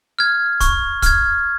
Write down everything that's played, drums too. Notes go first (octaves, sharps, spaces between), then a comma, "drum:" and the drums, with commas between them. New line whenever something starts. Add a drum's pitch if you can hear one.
F6 G#6
C#6, drum: kick, hi-hat
F6 G#6, drum: kick, hi-hat